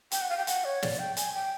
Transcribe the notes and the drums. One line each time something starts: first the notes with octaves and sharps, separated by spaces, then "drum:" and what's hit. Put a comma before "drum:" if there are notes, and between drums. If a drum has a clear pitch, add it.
G5, drum: hi-hat
F#5
F5
G5
F#5, drum: hi-hat
C#5
D5, drum: snare
G5
G#5, drum: hi-hat
G5